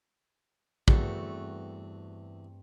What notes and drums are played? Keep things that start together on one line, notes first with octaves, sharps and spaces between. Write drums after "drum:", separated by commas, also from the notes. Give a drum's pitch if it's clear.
E2 G2 A3 C4 F#4, drum: kick